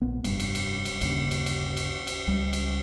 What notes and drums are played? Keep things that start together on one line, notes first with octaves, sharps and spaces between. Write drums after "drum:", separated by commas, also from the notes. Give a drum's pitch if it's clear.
A#1 B3
F1 G2, drum: cymbal
drum: cymbal
drum: cymbal
drum: cymbal
G1 D#2 C#3, drum: cymbal
drum: cymbal
drum: cymbal
drum: cymbal
drum: cymbal
C#2 G3
drum: cymbal